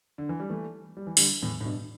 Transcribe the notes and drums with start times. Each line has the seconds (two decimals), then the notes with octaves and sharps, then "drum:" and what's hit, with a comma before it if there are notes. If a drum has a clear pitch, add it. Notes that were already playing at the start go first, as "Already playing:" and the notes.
0.18 D3
0.29 E3
0.40 G3
0.50 E3 A3
0.97 G3
1.07 E3
1.17 D3 G3, drum: open hi-hat
1.42 E2 A2
1.61 A2
1.65 G2 B2